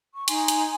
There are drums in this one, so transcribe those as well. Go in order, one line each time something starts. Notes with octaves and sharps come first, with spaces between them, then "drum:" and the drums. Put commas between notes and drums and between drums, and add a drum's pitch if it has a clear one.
C#6
D#4 G#5 C6, drum: hi-hat
drum: hi-hat